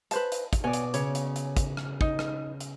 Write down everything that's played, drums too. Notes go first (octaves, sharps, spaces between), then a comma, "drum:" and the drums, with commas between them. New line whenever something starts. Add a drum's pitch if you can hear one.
B4 C5 A5, drum: hi-hat
drum: hi-hat
drum: kick, hi-hat
B2 C#5 D5 G#5
drum: hi-hat
C#3 C#5, drum: hi-hat
drum: hi-hat
drum: hi-hat
drum: kick, hi-hat
drum: rim click
D#4, drum: kick
drum: rim click
drum: hi-hat